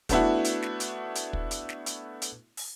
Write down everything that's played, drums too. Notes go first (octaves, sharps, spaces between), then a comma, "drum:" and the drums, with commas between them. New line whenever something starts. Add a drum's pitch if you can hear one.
A3 B3 D4 E4 F#4, drum: kick, hi-hat
drum: hi-hat
drum: snare
drum: hi-hat
drum: hi-hat
drum: kick
drum: hi-hat
drum: snare
drum: hi-hat
drum: hi-hat
drum: open hi-hat